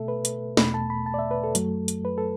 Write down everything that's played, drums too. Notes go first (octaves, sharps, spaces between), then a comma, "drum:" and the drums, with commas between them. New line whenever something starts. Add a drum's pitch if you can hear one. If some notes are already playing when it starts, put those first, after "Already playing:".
Already playing: B2 A3 A4 E5
B4
drum: hi-hat
E2 B2 A3 B5, drum: snare
A5
B5
A5
D5
E5
B4
A4
F#2 F#3 A3, drum: hi-hat
drum: hi-hat
B4
A4